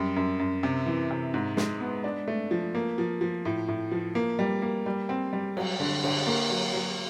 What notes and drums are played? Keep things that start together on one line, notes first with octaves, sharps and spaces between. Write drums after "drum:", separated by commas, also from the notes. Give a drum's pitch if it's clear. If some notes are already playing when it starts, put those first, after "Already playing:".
Already playing: F#2 G3
F#2
F#2
C3
E3
C3
G#2
G#3, drum: snare
B3
D4
A3
F3
A#3
F3
F3
A2
A2
F3
A#3
G3
A#3
G3
C4
G3
F#3, drum: cymbal
D3
D3, drum: cymbal
A#3
F#3
F#3